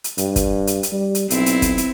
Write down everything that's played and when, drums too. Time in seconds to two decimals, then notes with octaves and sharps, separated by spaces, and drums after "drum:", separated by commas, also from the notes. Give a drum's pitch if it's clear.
0.04 drum: hi-hat
0.18 G2, drum: hi-hat
0.36 drum: kick, hi-hat
0.67 drum: hi-hat
0.83 drum: hi-hat
0.92 G3
1.15 drum: hi-hat
1.30 B1 C4 E4, drum: hi-hat
1.46 drum: hi-hat
1.62 drum: kick, hi-hat
1.78 drum: hi-hat